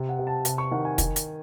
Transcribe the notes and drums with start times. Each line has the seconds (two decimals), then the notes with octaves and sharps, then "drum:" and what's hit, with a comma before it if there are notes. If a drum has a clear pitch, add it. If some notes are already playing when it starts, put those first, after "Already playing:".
Already playing: C3
0.09 F#5
0.19 C3
0.27 A5
0.45 C3 A5, drum: hi-hat
0.58 C#6
0.71 D#3 F#5
0.85 G#5
0.98 D#3, drum: kick, hi-hat
1.16 drum: hi-hat